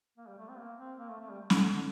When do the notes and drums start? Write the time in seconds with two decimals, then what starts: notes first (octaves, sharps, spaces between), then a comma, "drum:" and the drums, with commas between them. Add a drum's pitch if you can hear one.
0.18 A#3
0.28 G3
0.39 A3
0.49 C4
0.58 A#3
0.79 C4
0.99 A#3
1.10 A3
1.20 A3
1.31 G3
1.50 D3, drum: snare
1.60 D3
1.71 D3